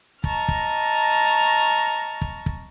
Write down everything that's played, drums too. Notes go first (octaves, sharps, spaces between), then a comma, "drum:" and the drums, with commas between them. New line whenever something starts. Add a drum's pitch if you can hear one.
D#5 A5 A#5 C#6 F6, drum: kick
drum: kick
drum: kick
drum: kick